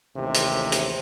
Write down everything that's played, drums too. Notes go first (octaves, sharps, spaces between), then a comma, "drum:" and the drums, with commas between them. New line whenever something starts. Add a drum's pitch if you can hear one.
A1 D#2 C3
drum: hi-hat
drum: hi-hat